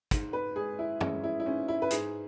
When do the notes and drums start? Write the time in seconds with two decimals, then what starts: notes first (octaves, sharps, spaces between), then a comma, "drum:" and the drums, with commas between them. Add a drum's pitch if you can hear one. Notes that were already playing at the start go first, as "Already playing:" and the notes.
0.11 G#2, drum: kick, hi-hat
0.33 B4
0.56 G#3 G#4
0.79 E4
1.01 G#3 C#4, drum: tom
1.24 E4
1.40 E4
1.46 G#2 C#4
1.68 E4
1.82 B4
1.90 G#2 G#4, drum: hi-hat